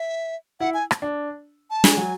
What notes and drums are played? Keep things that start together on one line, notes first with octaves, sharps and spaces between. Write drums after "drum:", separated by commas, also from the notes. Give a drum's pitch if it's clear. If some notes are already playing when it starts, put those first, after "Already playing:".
Already playing: E5
E4 F#5
G#5
drum: rim click
D4
A5
G#3 G#5, drum: snare
F#3